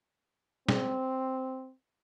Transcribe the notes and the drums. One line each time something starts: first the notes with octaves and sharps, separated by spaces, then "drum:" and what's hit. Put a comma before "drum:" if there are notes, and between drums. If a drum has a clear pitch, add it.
C4, drum: snare